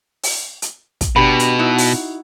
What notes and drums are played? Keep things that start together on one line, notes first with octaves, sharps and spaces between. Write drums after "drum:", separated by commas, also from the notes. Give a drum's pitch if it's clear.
drum: open hi-hat
drum: hi-hat
drum: kick, hi-hat
B2 D4 G4 B5
drum: hi-hat
D#4 E4 F#4
drum: open hi-hat